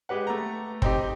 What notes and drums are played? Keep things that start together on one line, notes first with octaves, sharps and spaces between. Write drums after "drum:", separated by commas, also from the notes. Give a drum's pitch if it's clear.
G#3 G4 B4 F#5
A3 A#5
C4 D#4 G4, drum: kick